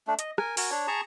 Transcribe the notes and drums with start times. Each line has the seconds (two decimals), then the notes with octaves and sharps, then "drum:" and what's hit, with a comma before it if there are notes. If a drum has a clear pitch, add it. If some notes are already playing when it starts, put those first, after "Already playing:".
0.07 A3 D4
0.19 D#5, drum: hi-hat
0.38 A#4 G#5, drum: rim click
0.57 F#4 A#4 G#5, drum: open hi-hat
0.71 D4 C#5
0.88 G#4 A5 A#5 C#6